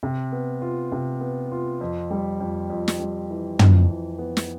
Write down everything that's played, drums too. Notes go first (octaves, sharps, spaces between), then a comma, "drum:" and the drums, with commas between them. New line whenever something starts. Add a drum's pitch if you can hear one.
C3
B3
F4
C3
B3
F4
F2
G3
F2
F2
drum: snare
G3
E3
F2, drum: tom
E3
B3
drum: snare